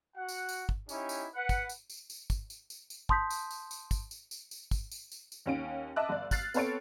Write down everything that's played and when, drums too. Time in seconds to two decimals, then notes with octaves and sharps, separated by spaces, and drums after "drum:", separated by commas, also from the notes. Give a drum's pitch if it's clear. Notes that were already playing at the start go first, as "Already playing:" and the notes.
0.17 F#4 F#5
0.29 drum: tambourine
0.49 drum: tambourine
0.69 drum: kick
0.89 C#4 D#4 E4 G4, drum: tambourine
1.09 drum: tambourine
1.35 B4 F#5
1.49 drum: kick, tambourine
1.69 drum: tambourine
1.90 drum: tambourine
2.10 drum: tambourine
2.30 drum: kick, tambourine
2.50 drum: tambourine
2.70 drum: tambourine
2.90 drum: tambourine
3.09 A5 C6 D#6 G6 B6, drum: kick
3.30 drum: tambourine
3.51 drum: tambourine
3.71 drum: tambourine
3.91 drum: kick, tambourine
4.11 drum: tambourine
4.31 drum: tambourine
4.51 drum: tambourine
4.71 drum: kick, tambourine
4.92 drum: tambourine
5.12 drum: tambourine
5.32 drum: tambourine
5.46 D#2 C#4 D7
5.96 D#5 E5 A5 D6 E6 F#6
6.09 G1 D5
6.31 F6 F#6 A6 C7, drum: kick, tambourine
6.54 B3 C4 A4 C#5 A6 D7, drum: tambourine